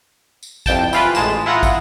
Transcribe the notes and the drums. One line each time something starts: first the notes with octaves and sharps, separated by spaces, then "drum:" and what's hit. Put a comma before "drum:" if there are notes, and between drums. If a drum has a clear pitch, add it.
drum: tambourine
C2 F2 G5 A5, drum: kick, tambourine
E3 F4 B4, drum: tambourine
A1 G#3 A5 E7, drum: tambourine
E4 F4 F#5 A#5 D#6
drum: kick, tambourine